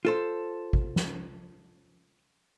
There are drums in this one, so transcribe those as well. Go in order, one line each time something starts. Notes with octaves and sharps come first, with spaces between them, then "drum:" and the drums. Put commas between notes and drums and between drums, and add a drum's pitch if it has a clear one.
F4 A4 C5
drum: kick
drum: snare